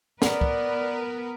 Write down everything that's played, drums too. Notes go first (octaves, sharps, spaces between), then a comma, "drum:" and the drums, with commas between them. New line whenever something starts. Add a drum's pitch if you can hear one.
B3 A#4 B4 D5, drum: snare
drum: kick